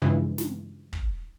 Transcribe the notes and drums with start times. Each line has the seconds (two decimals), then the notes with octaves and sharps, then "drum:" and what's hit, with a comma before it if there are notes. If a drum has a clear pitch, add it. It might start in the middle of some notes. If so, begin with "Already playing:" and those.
0.02 G2 C#3 E3 F3 G#3
0.38 drum: snare
0.93 drum: kick